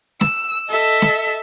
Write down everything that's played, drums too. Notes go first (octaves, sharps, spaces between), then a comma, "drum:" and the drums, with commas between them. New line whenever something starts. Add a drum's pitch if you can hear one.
E6, drum: snare
A4 D#5 E5
drum: snare